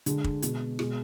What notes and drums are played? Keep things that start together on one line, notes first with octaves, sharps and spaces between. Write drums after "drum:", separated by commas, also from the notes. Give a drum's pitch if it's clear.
D3 G#3, drum: hi-hat
drum: kick
B2 G#3, drum: hi-hat
B2 G#3, drum: rim click